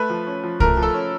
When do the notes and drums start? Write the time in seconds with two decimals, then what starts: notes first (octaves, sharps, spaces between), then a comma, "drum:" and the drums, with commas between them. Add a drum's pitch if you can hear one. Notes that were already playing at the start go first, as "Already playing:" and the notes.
Already playing: A3 B4
0.10 F3
0.27 C#4
0.44 F3
0.60 A3 A#4, drum: kick C2
0.77 F3
0.83 A4
0.94 C#4